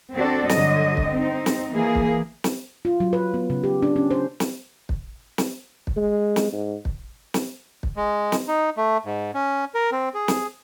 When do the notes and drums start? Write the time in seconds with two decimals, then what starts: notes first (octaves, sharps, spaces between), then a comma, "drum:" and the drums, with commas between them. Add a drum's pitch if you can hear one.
0.15 C4 D4 F#4 A4 D5
0.49 G2 D3 F#3 D#5, drum: snare
0.97 drum: kick
1.11 C4 D#4
1.46 drum: snare
1.71 E3 A#3 G#4
1.95 drum: kick
2.44 drum: snare
2.85 F4
3.00 F#3
3.13 B4
3.34 B3
3.50 C#3
3.64 G4
3.82 D4
3.96 C#4
4.11 C5
4.40 drum: snare
4.89 drum: kick
5.38 drum: snare
5.87 drum: kick
5.97 G#3
6.36 drum: snare
6.52 G#2
6.85 drum: kick
7.34 drum: snare
7.83 drum: kick
7.96 G#3
8.32 drum: snare
8.48 D#4
8.77 A3
9.06 G#2
9.34 C#4
9.75 A#4
9.92 C4
10.14 G#4
10.28 drum: snare